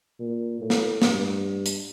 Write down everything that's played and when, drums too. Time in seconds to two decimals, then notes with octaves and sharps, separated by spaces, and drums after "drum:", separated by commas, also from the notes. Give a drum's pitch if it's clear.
0.20 A#2
0.61 A2
0.70 drum: snare
1.02 G2, drum: snare
1.66 drum: hi-hat